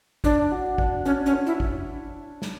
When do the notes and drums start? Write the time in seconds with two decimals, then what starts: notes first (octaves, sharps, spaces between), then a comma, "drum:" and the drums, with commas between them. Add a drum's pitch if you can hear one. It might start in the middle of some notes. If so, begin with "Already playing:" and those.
0.24 D4 C#5, drum: kick
0.51 F#4
0.78 D4, drum: kick
1.05 C#4 D4
1.26 C#4
1.33 C#5
1.46 E4
1.60 drum: kick
2.42 drum: snare